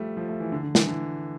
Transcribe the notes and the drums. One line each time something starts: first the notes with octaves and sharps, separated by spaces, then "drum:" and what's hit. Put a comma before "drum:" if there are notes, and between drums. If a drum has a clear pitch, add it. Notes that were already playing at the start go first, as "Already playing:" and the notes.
Already playing: F3 G3 A3
F3
A3
E3
D3
D3
E3, drum: snare
D3